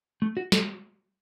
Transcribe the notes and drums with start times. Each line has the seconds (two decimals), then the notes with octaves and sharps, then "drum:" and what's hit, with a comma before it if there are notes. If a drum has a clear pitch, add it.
0.22 A3
0.37 F#4
0.52 A4, drum: snare